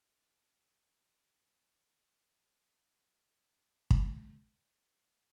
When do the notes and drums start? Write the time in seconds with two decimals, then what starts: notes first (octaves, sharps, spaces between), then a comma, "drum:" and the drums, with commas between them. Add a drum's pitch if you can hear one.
0.19 G#3 D4
2.69 A3 B3 G#4 A4
3.90 drum: kick